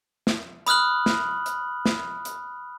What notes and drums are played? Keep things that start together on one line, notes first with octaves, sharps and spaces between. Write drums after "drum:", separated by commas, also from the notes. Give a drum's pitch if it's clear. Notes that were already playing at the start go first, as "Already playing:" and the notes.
drum: snare
B5 D#6 F6 F#6 F#7, drum: hi-hat
drum: snare
drum: hi-hat
drum: snare
drum: hi-hat